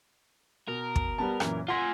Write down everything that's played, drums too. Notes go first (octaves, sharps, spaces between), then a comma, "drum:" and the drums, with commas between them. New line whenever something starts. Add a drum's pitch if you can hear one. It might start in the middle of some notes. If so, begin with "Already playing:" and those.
B2 A#4
drum: kick
G3 B3 A5
F#2 A#2 E3, drum: rim click
F4 F#5 G#5 C6 A#6